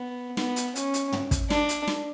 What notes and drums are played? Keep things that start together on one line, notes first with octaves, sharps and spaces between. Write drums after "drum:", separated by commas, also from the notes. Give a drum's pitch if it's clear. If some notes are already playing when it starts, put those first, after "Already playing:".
Already playing: B3
B3, drum: snare
drum: hi-hat
C#4, drum: hi-hat
drum: hi-hat
drum: tom
drum: kick, hi-hat
D4, drum: snare
drum: hi-hat
drum: snare